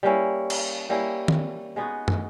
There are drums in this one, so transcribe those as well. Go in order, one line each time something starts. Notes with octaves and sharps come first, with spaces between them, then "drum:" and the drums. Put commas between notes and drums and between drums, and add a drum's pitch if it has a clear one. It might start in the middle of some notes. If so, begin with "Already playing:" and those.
G3 A#3 C#4 E4
drum: cymbal
G3 A#3 C#4 E4
drum: tom D#3
G#3 B3 D#4 F#4
drum: tom